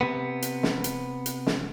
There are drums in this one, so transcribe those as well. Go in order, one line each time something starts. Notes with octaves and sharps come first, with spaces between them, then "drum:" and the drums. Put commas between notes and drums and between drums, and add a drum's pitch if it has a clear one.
C3 B3
drum: hi-hat
drum: snare
drum: hi-hat
drum: hi-hat
drum: snare